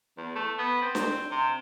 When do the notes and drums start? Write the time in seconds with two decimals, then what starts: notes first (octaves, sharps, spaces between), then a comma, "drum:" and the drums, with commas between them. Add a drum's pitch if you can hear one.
0.18 E2
0.35 A3
0.59 B3
0.82 C4
0.95 drum: snare D4
1.31 C3